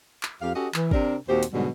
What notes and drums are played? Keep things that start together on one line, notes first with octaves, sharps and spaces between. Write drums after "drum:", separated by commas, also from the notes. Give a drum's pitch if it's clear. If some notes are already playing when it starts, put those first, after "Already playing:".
drum: clap
F2 G4 F5
C#4 F#4 G4 A4 D#5
E3, drum: clap
C3 D4 A#4, drum: kick
D#2 A#2 C4 F#4 G4 C5
drum: hi-hat
G#2 B2 D3 F#3 G3 F#4